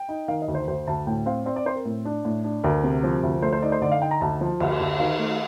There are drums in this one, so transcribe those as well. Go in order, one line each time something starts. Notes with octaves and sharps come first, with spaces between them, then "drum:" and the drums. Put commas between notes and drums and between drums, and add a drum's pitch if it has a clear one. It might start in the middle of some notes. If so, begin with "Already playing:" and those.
Already playing: G5
D#4
D#3 F5
D#5
D2
C5
D2 C5
D2 A5
A2 G5
C4 F5
C4 D5
D5
C4 C5
A#4
A2
D4
A2
D4
D2 A#4
C3
F3
D2
A3 C5
C5
D#4 D5
C5
D3 D5
F5
D#4 G5
A#5
D2 A5
F3
D2, drum: cymbal
D2
D#3 F5
A3